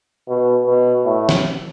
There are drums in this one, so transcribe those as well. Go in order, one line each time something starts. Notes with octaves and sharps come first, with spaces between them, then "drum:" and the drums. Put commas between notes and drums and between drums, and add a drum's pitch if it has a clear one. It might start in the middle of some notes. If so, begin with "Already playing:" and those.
B2
B2
A2
drum: snare